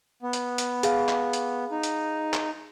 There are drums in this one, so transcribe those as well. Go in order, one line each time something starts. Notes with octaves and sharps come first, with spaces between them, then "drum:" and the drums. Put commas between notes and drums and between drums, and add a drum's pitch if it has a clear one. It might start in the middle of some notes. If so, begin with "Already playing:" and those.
B3
drum: hi-hat
drum: hi-hat
G#4 F5, drum: hi-hat
drum: clap
drum: hi-hat
D#4
drum: hi-hat
drum: clap